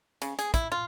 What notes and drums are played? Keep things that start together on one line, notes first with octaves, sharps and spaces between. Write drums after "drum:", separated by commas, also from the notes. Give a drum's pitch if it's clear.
C#3, drum: hi-hat
G#4, drum: hi-hat
E4, drum: kick, hi-hat
F4